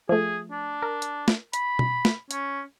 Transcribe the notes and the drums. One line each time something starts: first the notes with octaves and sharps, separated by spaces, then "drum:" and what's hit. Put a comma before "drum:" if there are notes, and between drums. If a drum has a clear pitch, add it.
F3 A3 G#4
D4
A#4
drum: hi-hat
drum: snare
B5, drum: hi-hat
drum: tom B2
drum: snare
C#4, drum: hi-hat